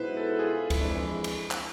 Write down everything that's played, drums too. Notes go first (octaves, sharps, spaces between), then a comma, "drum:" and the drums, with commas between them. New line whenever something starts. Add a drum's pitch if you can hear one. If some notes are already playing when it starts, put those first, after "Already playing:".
Already playing: B1 B2 G#3 B3 E4 B4 C5
A4
G#4
F4
F2 E3 G#3 E4, drum: kick C#2, cymbal
D4
E4
drum: cymbal
drum: clap